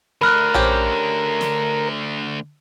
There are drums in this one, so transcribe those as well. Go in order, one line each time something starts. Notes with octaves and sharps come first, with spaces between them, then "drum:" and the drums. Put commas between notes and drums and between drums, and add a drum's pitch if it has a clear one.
D2 D3 A#4 B5 F6 F#6
C#4 G4 C5, drum: tom A#1
drum: snare